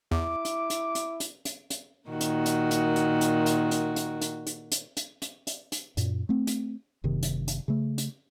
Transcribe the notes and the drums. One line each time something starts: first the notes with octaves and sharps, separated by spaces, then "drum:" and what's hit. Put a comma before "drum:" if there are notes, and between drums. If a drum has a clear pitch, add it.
E2 E4 D6
drum: hi-hat
drum: hi-hat
drum: hi-hat
drum: hi-hat
drum: hi-hat
drum: hi-hat
A#2 D#3 F#4
drum: hi-hat
drum: hi-hat
drum: hi-hat
drum: hi-hat
drum: hi-hat
drum: hi-hat
drum: hi-hat
drum: hi-hat
drum: hi-hat
drum: hi-hat
drum: hi-hat
drum: hi-hat
drum: hi-hat
drum: hi-hat
drum: hi-hat
F#2 A#2, drum: hi-hat
A3 C4
drum: hi-hat
F#1 C3 D#3
drum: hi-hat
drum: hi-hat
C#3 A3
drum: hi-hat